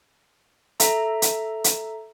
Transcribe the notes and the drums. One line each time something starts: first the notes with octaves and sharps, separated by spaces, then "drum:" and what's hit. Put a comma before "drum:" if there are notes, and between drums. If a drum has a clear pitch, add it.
A4 E5 A#5, drum: hi-hat
drum: hi-hat
drum: hi-hat